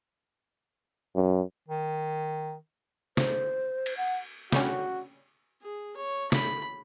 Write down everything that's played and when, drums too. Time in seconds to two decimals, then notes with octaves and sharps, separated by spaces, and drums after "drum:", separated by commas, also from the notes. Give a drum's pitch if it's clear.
1.16 F#2
1.68 D#3
3.17 C5, drum: snare
3.86 drum: cymbal
3.97 F#5
4.52 G3 C#4 F#4, drum: snare
5.62 G#4
5.96 C#5
6.32 B5, drum: snare